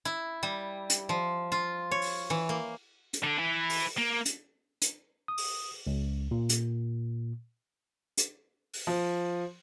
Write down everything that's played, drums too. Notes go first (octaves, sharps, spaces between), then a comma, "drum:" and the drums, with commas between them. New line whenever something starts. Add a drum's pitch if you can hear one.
E4
G3
drum: hi-hat
F3
F4
C#5
drum: open hi-hat
E3
A#3
drum: hi-hat
D3 D4
E3 E4
drum: open hi-hat
A#3
drum: hi-hat
drum: hi-hat
D#6
drum: open hi-hat
C#2
A#2
drum: hi-hat
drum: hi-hat
drum: open hi-hat
F3